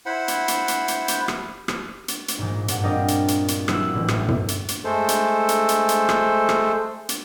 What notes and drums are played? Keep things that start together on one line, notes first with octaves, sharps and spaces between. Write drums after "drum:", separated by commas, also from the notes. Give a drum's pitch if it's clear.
E4 C5 F#5 B5
drum: hi-hat
drum: hi-hat
drum: hi-hat
drum: hi-hat
drum: hi-hat
drum: rim click
drum: rim click
drum: hi-hat
drum: hi-hat
A#1 G#2
G2 F#5, drum: hi-hat
G3 C4 D4 A#4 D#5 F5
drum: hi-hat
drum: hi-hat
drum: hi-hat
F#3 E4 E5 E6 F#6 E7, drum: rim click
A1 A2 C#4
drum: rim click
drum: tom
drum: hi-hat
drum: hi-hat
G#3 A3 A4 C5
drum: hi-hat
drum: hi-hat
drum: hi-hat
drum: hi-hat
drum: rim click
drum: rim click
drum: hi-hat